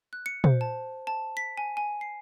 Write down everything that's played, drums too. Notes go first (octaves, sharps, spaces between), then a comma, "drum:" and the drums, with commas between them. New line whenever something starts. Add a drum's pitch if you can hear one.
F#6
C#7
C5, drum: tom
A5
A5
B6
G#5
G#5
C7